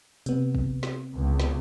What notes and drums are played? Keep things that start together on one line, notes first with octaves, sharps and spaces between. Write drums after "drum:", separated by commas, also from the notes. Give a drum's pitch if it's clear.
C3 B3, drum: hi-hat
drum: kick
drum: snare
C#2
drum: snare